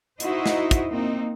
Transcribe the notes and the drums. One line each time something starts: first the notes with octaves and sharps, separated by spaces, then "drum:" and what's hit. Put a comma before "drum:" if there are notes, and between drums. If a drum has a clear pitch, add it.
D#4 E4 F#4 C5 D#5, drum: hi-hat
drum: snare
drum: kick, hi-hat
A#3 C4 D#4